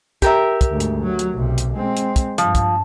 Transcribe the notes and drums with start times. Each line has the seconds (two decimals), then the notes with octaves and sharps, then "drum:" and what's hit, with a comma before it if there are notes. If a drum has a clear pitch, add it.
0.22 G4 A#4 E5, drum: kick, hi-hat
0.61 drum: kick, hi-hat
0.70 D2 G#2
0.80 drum: hi-hat
1.03 F#3
1.19 drum: hi-hat
1.34 B1 C3
1.58 drum: hi-hat
1.74 G#3 C4
1.97 drum: hi-hat
2.16 drum: kick, hi-hat
2.38 G2 F3, drum: hi-hat
2.55 drum: kick, hi-hat